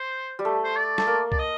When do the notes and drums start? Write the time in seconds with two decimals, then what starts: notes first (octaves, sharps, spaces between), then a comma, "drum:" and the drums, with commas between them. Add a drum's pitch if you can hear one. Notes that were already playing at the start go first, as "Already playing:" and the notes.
Already playing: C5
0.39 G3
0.45 A3
0.64 C5
0.77 D5
0.98 A3, drum: snare
1.07 A#3
1.32 D5, drum: kick C2
1.39 D#5